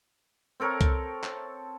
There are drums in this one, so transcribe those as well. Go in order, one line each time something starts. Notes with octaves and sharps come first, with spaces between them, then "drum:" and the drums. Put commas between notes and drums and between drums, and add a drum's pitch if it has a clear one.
C4 A4 A#4 C#5
drum: kick C2, hi-hat
A5, drum: clap